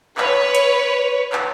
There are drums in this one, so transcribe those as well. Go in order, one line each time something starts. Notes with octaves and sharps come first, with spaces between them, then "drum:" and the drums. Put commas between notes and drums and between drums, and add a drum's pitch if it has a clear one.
B4 C#5, drum: clap
drum: hi-hat
drum: clap